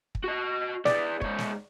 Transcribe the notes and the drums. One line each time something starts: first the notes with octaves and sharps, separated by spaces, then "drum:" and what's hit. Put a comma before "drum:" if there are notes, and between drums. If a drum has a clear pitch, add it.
drum: kick
F#4 D#5
E2 B3 D5, drum: snare
G#2 C#5, drum: kick
drum: snare